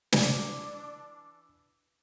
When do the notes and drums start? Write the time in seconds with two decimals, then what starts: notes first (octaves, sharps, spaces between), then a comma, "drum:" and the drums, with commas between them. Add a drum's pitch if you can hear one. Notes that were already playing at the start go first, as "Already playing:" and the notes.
0.12 E3 D4, drum: snare